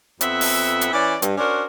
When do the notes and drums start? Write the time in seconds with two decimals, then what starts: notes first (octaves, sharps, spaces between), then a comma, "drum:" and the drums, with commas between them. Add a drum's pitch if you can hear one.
0.21 F2 B3 C4 E5 F#5, drum: hi-hat
0.41 drum: open hi-hat
0.81 drum: hi-hat
0.93 E3 C#4 D5
1.22 G2, drum: hi-hat
1.38 C#4 D4 F#4 A#4 C5